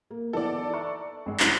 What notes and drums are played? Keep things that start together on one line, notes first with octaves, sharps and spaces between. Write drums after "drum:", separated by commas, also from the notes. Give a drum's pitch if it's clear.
A#3
E3 B3 D#4 A4 D5
E5 A#5 C#6
G#1 G#3
drum: clap